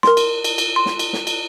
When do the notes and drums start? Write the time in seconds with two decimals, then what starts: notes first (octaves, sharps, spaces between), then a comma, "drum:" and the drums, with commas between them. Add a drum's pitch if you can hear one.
0.03 A#4 C6, drum: snare
0.17 drum: cymbal
0.44 drum: cymbal
0.58 drum: cymbal
0.76 C6
0.86 drum: snare
0.99 drum: cymbal
1.13 drum: snare
1.27 drum: cymbal